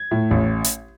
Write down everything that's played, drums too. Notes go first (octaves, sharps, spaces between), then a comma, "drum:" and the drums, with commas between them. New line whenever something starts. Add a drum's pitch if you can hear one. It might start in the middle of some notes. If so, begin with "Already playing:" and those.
Already playing: G#6
A2
A1
drum: hi-hat